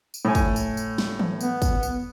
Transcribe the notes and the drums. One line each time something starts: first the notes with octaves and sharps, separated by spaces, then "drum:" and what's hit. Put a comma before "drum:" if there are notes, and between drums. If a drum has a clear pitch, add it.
drum: tambourine
A2 G#5
drum: kick, tambourine
drum: tambourine
drum: tambourine
drum: snare
drum: tom E3
B3, drum: tambourine
drum: kick, tambourine
drum: tambourine